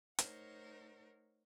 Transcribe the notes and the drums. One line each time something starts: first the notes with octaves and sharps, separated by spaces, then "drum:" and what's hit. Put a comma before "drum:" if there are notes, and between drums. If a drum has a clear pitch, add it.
A3 D#4 A#4 C5 C#5 F#5, drum: hi-hat